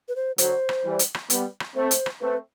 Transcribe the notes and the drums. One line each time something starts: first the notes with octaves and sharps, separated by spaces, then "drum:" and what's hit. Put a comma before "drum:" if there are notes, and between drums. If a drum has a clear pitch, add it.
B4
C5
D3 F#3 C5, drum: hi-hat
drum: rim click
E3 G3
drum: hi-hat
drum: rim click
G3 B3, drum: hi-hat
drum: rim click
A3 C4 C5
drum: hi-hat
drum: rim click
A3 C4 B4